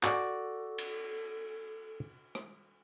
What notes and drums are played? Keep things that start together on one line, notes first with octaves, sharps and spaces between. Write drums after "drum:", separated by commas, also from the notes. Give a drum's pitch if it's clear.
F#4 A4 D5, drum: clap
drum: cymbal
drum: rim click